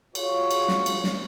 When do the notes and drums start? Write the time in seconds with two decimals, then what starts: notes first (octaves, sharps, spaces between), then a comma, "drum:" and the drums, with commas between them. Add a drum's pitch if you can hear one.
0.15 F4 F#4 G#4 C#5, drum: cymbal
0.51 drum: cymbal
0.68 drum: snare
0.86 drum: cymbal
1.04 drum: snare